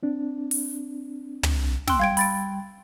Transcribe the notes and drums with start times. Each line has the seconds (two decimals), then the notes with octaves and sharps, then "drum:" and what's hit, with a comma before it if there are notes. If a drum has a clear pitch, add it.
0.03 C4 D4
0.51 drum: open hi-hat
1.43 drum: tom
1.88 G5 C6 E6 F#6, drum: snare
1.99 G3 F5 G5 G#6 D7
2.17 B5 A6 D7, drum: open hi-hat